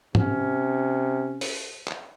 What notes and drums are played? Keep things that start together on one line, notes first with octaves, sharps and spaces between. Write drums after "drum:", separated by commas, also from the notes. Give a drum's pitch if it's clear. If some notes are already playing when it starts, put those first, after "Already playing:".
C3 C#4, drum: tom
drum: open hi-hat
drum: clap